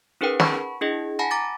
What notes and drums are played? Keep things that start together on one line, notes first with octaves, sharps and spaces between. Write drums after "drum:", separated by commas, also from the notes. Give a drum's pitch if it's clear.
C#4 D#4 G#4 A#4 B4 G5
F#5 A5 B5 C#6, drum: snare
D4 E4 G#4 D#5
F#5 G#5 A5 B5 A#6
A#5 D6 A6